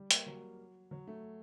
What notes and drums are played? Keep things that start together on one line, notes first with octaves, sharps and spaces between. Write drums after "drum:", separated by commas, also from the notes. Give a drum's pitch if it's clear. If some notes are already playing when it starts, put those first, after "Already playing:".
Already playing: G3
A#3, drum: hi-hat
F#3
F#3
A3